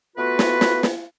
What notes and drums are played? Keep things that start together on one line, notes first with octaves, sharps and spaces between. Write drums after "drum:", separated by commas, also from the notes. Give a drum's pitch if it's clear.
A3 B3 F4 F#4 B4
drum: snare
drum: snare
drum: snare